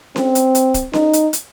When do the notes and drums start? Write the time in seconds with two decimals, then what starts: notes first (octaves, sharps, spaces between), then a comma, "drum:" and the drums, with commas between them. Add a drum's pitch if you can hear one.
0.16 C4, drum: snare C#4
0.35 drum: hi-hat
0.55 drum: hi-hat
0.74 drum: kick, hi-hat
0.93 D#4, drum: snare C#4
1.13 drum: hi-hat
1.33 drum: hi-hat